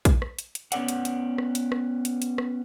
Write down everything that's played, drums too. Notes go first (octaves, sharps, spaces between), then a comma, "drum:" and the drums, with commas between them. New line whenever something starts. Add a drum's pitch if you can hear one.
drum: kick A#1, hi-hat
drum: rim click
drum: hi-hat
drum: hi-hat
B3 C#4 B4 D5 F#5, drum: hi-hat
drum: hi-hat
drum: hi-hat
drum: rim click
drum: hi-hat
drum: rim click
drum: hi-hat
drum: hi-hat
drum: rim click